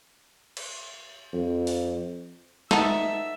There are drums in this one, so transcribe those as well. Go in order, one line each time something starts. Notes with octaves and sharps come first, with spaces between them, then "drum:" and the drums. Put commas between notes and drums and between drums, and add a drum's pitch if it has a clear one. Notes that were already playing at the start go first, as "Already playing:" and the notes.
drum: cymbal
F2
drum: open hi-hat
B3 D#4 A4 E5, drum: snare